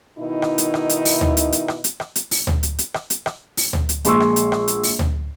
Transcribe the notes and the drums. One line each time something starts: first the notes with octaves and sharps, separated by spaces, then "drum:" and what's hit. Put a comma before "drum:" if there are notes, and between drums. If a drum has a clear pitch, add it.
B2 D#3 D#4 E4
drum: rim click
drum: hi-hat
drum: rim click
drum: hi-hat
drum: open hi-hat
drum: tom D2
drum: hi-hat
drum: hi-hat
drum: rim click
drum: hi-hat
drum: rim click
drum: hi-hat
drum: open hi-hat
drum: tom D2
drum: hi-hat
drum: hi-hat
drum: rim click
drum: hi-hat
drum: rim click
drum: open hi-hat
drum: tom D2
drum: hi-hat
A#1 G#3 C6 C#6 E6, drum: hi-hat
drum: rim click
drum: hi-hat
drum: rim click
drum: hi-hat
drum: open hi-hat
drum: tom D2